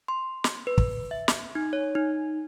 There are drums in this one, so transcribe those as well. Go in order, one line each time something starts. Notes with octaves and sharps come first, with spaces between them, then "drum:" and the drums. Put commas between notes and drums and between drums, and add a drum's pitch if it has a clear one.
C6
drum: snare
B4
drum: kick
E5
drum: snare
D#4
C#5
D#4